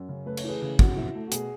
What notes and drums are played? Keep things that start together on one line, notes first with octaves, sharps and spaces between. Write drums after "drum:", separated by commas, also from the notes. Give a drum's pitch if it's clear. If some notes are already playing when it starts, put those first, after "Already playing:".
Already playing: F#2
C#3
A3 B4
C#5, drum: cymbal
E3 G#4 B4
C#3
B2 F#4, drum: kick
E4
A3
F#4
B2 G#4, drum: hi-hat